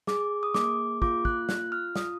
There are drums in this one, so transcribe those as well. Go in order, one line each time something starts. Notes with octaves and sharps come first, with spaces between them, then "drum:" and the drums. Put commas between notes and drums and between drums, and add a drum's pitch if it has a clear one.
G#4 D6, drum: snare
D#6
A#3 D6, drum: snare
F4 D6, drum: kick
F#6, drum: kick
F4 F#6, drum: snare
F6
F4 D#6, drum: snare